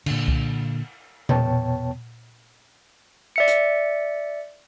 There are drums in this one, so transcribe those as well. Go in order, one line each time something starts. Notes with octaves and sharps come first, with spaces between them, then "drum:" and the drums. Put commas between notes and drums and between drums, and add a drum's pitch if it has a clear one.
A#2 D3, drum: cymbal
drum: kick C2
E2 B2 B3 C#5 G5 A5, drum: tom A#2
D5 E5 C#7
drum: hi-hat